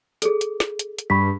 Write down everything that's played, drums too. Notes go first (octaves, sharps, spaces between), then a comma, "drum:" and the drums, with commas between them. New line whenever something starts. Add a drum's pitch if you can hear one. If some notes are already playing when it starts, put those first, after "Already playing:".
G#4 A4, drum: hi-hat
drum: hi-hat
drum: snare
drum: hi-hat
drum: hi-hat
G2 B5 C#6 B6